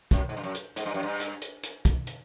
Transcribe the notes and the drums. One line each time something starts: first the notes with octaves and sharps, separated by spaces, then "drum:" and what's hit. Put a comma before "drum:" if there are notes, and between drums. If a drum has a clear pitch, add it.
F#2, drum: kick, hi-hat
G#2
G2
F#2
drum: hi-hat
G#2, drum: hi-hat
G2
F#2
G2
drum: hi-hat
drum: hi-hat
drum: hi-hat
drum: kick, hi-hat
drum: hi-hat